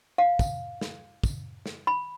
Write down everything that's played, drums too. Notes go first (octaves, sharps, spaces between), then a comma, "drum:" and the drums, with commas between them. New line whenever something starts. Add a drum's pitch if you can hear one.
F5
drum: kick, tambourine
drum: snare
drum: kick, tambourine
drum: snare
B5